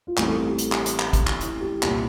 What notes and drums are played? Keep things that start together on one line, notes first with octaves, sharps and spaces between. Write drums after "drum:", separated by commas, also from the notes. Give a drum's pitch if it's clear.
F4
A1 G2 E3 A3 C4 G4, drum: clap
A4
A4
G4
drum: hi-hat
drum: clap
drum: hi-hat
drum: clap
drum: kick, hi-hat
drum: clap
E4, drum: hi-hat
G4
C2 A#2 G3, drum: clap